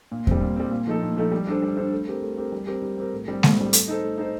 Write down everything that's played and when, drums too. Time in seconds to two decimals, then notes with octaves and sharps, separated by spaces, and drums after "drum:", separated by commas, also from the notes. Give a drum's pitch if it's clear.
0.12 A#2
0.27 G3 C4, drum: kick E2
0.41 A#2
0.56 G3 C4
0.71 A#2
0.87 F3 A3 D#4 A4
1.02 A#2
1.17 F3 A3 D#4 A4
1.32 G3
1.47 D4 A4 C5
1.62 G3
1.77 D4 A4 C5
1.92 A3
2.07 C4 G4 A#4
2.22 A3
2.37 C4 G4 A#4
2.52 G3
2.67 C4 G4 A#4
2.82 G3
2.97 C4 G4 A#4
3.13 A2
3.28 G3 C4
3.43 A2, drum: snare G#3
3.57 G3 C4
3.73 A3, drum: hi-hat
3.88 D#4 A4 C5
4.02 A3
4.18 D#4 A4 C5